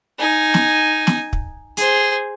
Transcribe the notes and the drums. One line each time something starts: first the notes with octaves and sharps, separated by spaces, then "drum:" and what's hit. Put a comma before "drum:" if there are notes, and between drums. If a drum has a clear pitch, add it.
D#4 G#5
drum: snare
drum: snare
drum: kick
G#4 C5, drum: hi-hat